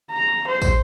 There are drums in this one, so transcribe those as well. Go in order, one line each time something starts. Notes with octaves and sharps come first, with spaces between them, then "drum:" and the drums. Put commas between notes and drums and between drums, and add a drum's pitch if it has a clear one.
A#5
C5
drum: kick, tambourine